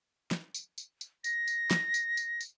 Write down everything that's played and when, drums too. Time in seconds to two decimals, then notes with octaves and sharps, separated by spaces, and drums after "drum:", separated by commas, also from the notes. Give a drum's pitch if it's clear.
0.31 drum: snare
0.54 drum: tambourine
0.78 drum: tambourine
1.01 drum: tambourine
1.24 A#6, drum: tambourine
1.48 drum: tambourine
1.71 drum: snare
1.94 drum: tambourine
2.17 drum: tambourine
2.41 drum: tambourine